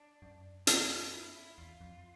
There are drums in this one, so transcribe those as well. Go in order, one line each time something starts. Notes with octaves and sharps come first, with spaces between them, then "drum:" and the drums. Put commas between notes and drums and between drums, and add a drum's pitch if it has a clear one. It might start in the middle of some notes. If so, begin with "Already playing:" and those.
Already playing: D4
F#2
E4, drum: hi-hat
F4
E4
E4
E2 F4
F2